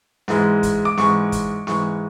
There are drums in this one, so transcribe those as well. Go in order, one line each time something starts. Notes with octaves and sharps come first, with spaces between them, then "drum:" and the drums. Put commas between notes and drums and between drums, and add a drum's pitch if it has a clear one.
G#2 E3 G#3, drum: snare
drum: kick, hi-hat
D6
G#2 E3 G#3 C#6, drum: snare
drum: kick, hi-hat
G#2 E3 G#3 C#6, drum: snare